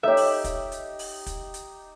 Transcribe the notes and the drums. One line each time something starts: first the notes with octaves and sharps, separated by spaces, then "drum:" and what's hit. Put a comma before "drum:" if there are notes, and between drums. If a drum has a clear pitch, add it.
D#4 G4 A4 C#5 E5
drum: open hi-hat
drum: kick, hi-hat
drum: hi-hat
drum: open hi-hat
drum: kick, hi-hat
drum: hi-hat